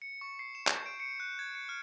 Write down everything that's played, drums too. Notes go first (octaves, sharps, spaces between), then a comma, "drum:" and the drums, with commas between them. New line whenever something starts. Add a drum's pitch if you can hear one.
C#7
C#6
C7
E7
G6, drum: clap
D7
C#7
F#6
G#6
C#7
F6